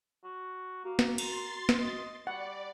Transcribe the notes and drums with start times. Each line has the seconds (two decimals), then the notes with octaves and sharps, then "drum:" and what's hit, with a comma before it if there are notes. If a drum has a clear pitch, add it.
0.24 F#4
0.85 A#3 F#4
0.99 drum: snare
1.18 A#4 C6 A6, drum: cymbal
1.69 drum: snare
1.80 D#5
2.27 G3 D5 F#5